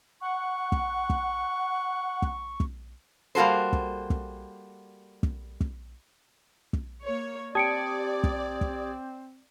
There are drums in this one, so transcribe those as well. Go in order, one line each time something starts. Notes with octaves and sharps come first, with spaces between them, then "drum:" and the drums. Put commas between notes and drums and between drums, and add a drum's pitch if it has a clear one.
F#5 C#6
drum: kick
drum: kick
drum: kick
drum: kick
G3 A#3 F#4 A4 C5
drum: kick
drum: kick
drum: kick
drum: kick
drum: kick
A#3 C#5
C4 G4 D5 A5 D#6 G#6 C#7 D7
drum: kick
drum: kick